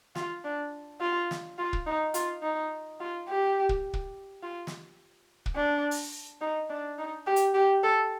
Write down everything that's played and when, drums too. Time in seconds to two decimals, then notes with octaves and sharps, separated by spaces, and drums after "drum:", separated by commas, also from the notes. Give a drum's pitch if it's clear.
0.15 F4, drum: snare
0.44 D4
1.00 F4
1.31 drum: snare
1.58 F4
1.73 drum: kick
1.87 D#4
2.14 F4, drum: hi-hat
2.42 D#4
3.00 F4
3.28 G4
3.69 drum: kick
3.93 drum: kick
4.42 F4
4.67 drum: snare
5.46 drum: kick
5.55 D4
5.91 drum: open hi-hat
6.41 D#4
6.69 D4
6.98 D#4
7.26 G4
7.36 drum: hi-hat
7.54 G4
7.83 A4